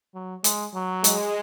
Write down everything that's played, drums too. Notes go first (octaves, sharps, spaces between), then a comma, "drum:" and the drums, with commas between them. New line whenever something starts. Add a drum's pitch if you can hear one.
F#3
G#3, drum: hi-hat
F#3
G#3, drum: hi-hat